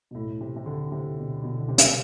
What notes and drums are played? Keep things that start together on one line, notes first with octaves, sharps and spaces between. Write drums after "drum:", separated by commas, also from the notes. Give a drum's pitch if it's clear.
B2
A2
C3
C3
D3
C3
B2
B2
D3
C3
drum: hi-hat